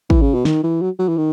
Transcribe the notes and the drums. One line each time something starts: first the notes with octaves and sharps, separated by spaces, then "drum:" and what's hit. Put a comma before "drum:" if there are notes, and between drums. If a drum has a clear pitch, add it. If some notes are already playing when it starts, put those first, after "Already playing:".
E3, drum: kick
C#3
B2
D#3, drum: snare
E3
F#3
F#3
E3
D#3